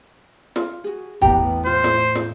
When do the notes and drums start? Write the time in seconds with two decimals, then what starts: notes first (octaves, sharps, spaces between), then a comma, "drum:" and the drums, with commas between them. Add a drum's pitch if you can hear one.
0.56 F4, drum: snare
0.84 F#4 G#4
1.21 E2 A2 B3 G4 G5 A#5, drum: kick
1.66 A2 F4 C5
1.84 drum: snare
2.15 drum: snare